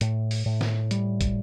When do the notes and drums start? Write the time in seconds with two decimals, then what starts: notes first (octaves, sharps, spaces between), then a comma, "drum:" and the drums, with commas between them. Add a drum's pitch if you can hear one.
0.01 A2, drum: hi-hat
0.31 drum: open hi-hat
0.46 A2
0.61 drum: snare
0.91 G3, drum: hi-hat
1.21 drum: kick, hi-hat